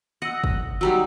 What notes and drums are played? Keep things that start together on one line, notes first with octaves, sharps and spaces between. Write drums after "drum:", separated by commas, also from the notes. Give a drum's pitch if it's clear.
D#5 F#5 E6 A#6
drum: kick
F#3 G3 D#4 F#5 A#5 E6